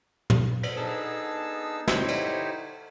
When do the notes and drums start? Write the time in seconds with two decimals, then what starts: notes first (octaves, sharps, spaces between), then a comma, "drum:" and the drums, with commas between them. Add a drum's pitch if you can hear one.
0.30 drum: tom
0.63 drum: cymbal
0.76 B3 D4 D#4 G#4 A5 E6
1.88 D#4 E4 G4 C5 C#5, drum: snare
2.08 drum: cymbal